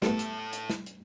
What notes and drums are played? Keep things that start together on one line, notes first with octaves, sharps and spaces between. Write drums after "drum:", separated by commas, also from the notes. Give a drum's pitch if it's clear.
A2 G3 A3 B3 A4, drum: snare
drum: hi-hat
drum: hi-hat
drum: snare
drum: hi-hat